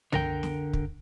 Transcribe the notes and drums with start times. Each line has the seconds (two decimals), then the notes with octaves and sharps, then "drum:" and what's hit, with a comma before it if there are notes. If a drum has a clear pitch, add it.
0.12 D3 A#4 G5, drum: tom
0.43 drum: snare
0.73 drum: kick